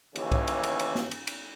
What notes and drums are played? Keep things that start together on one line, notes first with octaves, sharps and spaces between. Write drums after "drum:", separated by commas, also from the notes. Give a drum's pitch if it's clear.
A1 D#2 C#3 E3 C#4, drum: cymbal
drum: kick C2, cymbal
drum: cymbal
drum: cymbal
drum: cymbal
drum: snare
drum: cymbal
drum: cymbal